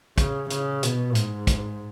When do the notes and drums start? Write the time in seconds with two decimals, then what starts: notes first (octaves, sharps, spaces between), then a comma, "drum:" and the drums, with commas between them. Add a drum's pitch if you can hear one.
0.18 C#3, drum: kick, hi-hat
0.50 C#3, drum: hi-hat
0.83 B2, drum: hi-hat
1.15 G#2, drum: hi-hat
1.47 drum: kick, hi-hat